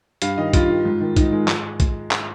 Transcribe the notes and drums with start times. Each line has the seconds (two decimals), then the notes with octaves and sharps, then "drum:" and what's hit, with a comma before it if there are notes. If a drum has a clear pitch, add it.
0.22 G2 F5, drum: hi-hat
0.38 D#3 D#5
0.53 G2 F4, drum: kick, hi-hat
0.70 D#3
0.85 G#2
1.01 D#3
1.16 G#2 D#4, drum: kick, hi-hat
1.32 D#3 G#3
1.48 G#2, drum: clap
1.80 drum: kick, hi-hat
2.11 drum: clap